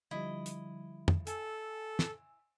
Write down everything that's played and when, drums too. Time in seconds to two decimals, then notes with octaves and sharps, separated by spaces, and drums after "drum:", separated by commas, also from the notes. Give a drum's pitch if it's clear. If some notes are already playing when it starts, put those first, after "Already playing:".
0.11 D3 F3 G3 E4 D#5
0.46 drum: hi-hat
1.08 drum: tom F2
1.27 A4 G#5 E6, drum: hi-hat
1.99 drum: snare